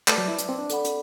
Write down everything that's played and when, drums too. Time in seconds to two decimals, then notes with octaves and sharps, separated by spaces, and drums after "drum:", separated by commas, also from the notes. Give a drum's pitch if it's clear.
0.08 A3 B4 D5 A5 D6, drum: clap
0.18 F#3
0.28 E4
0.38 drum: hi-hat
0.49 C4
0.58 D4
0.69 A4 D5 F#5 B5, drum: hi-hat
0.85 drum: hi-hat